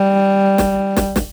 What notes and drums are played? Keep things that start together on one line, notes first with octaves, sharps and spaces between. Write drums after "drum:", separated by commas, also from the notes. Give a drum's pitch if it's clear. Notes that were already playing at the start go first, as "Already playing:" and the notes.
Already playing: G3
drum: snare
drum: snare
drum: snare